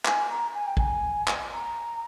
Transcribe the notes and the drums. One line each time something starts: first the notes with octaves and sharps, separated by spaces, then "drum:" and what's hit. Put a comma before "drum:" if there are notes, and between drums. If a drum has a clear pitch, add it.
G#5, drum: clap
A#5
G#5
G5
G#5, drum: kick
drum: clap
A#5